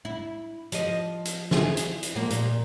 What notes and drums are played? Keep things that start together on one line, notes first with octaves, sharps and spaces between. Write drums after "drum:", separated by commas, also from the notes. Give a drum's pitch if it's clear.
E4
F3 D#5, drum: hi-hat
drum: hi-hat
E4 G#4, drum: snare
drum: hi-hat
drum: hi-hat
F3 A#3
A#2, drum: hi-hat